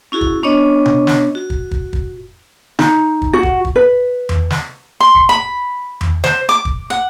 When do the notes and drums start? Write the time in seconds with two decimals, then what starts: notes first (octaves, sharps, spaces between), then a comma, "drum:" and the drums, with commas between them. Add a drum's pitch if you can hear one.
0.12 C#4 E4 F#4 G#4
0.21 drum: kick
0.43 B3 C#4 D4 C#5 D#5
0.86 drum: tom C3
1.07 drum: snare
1.35 F#4
1.50 drum: kick
1.71 drum: kick
1.93 drum: kick
2.79 D#4, drum: snare
3.22 drum: kick
3.33 F#4
3.43 drum: kick
3.65 drum: kick
3.76 B4
4.29 drum: tom E2
4.50 drum: snare
5.01 C6
5.15 drum: kick
5.29 B5
6.01 drum: tom E2
6.24 C5, drum: snare
6.49 D6
6.65 drum: kick
6.90 F#5